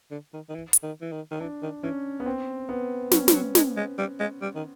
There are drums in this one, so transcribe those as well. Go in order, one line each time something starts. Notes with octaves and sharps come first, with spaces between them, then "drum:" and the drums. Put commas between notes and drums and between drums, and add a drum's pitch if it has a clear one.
D3
D#3
D#3
E3
drum: hi-hat
D#3
E3
D#3
D#3
E3 D4
D#3
E3 C#4
B3
C4
B3
F#3 C#4, drum: snare
G3, drum: snare
F#3
G#3, drum: snare
G#3
G3
G#3
G3
D#3